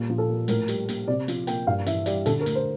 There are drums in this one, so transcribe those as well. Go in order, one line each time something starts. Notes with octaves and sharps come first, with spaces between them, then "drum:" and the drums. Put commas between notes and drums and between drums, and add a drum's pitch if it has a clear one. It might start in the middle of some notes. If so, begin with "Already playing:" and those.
Already playing: A#2 G3
F3
A4
A#3
A2 A#4, drum: hi-hat
G3, drum: hi-hat
A#3, drum: hi-hat
C3 D5
F3, drum: hi-hat
A#3 G5, drum: hi-hat
G2 F5
E3 E5, drum: hi-hat
G3 D5, drum: hi-hat
D3 A4, drum: hi-hat
A#4
A3, drum: hi-hat
C5